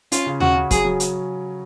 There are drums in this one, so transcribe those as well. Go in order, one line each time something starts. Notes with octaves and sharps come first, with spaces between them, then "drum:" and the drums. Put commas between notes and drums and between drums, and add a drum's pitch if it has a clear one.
C#4 F4, drum: hi-hat
C#3
C#4 F#4, drum: tom D#2
C#3
F#3 G#4, drum: kick, hi-hat
F#3
drum: hi-hat